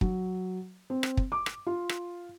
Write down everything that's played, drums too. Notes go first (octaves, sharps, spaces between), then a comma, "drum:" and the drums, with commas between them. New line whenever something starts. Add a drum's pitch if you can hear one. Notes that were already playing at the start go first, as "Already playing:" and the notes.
F#3, drum: kick
C4
drum: rim click
drum: kick
D6
drum: rim click
F4
drum: rim click